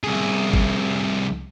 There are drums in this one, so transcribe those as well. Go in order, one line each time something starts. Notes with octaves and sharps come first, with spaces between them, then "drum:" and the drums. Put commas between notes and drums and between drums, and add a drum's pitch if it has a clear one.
C2 G#4
drum: kick G1